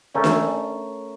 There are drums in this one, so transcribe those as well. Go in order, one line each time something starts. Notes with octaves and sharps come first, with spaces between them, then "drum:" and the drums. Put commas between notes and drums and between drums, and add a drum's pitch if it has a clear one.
A3 C#4 A#4 E5 A#5 C#6
drum: snare